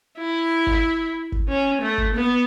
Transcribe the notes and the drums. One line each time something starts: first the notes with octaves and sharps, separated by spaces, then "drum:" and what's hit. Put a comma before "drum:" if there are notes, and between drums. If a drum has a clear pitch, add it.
E4
drum: kick
drum: kick
C#4
A3
drum: kick
B3